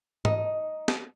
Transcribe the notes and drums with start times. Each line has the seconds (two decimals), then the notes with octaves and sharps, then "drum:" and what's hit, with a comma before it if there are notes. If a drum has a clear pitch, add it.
0.25 D#4, drum: tom G#2
0.88 drum: snare